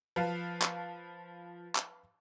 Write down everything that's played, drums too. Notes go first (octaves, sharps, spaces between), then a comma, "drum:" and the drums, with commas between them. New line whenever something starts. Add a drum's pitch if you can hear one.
F3 B4 F5 A5
drum: clap
drum: clap